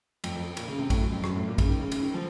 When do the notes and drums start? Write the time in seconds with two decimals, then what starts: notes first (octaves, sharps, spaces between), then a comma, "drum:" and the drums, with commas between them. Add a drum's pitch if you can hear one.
0.24 F2, drum: cymbal
0.35 F2
0.57 A#2, drum: cymbal
0.68 C#3
0.79 C3
0.90 A2, drum: kick A#1, cymbal
1.01 F#2
1.12 F2
1.24 F#2, drum: rim click
1.36 A2
1.47 A#2
1.58 C#3, drum: kick A#1, cymbal
1.68 D#3
1.80 C#3
1.92 C#3, drum: cymbal
2.02 D#3
2.14 F3